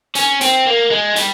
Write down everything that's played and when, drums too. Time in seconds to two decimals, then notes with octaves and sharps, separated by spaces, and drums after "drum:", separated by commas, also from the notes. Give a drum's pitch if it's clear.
0.15 C#4, drum: hi-hat
0.41 C4, drum: hi-hat
0.66 A#3
0.91 G#3
1.16 G3, drum: hi-hat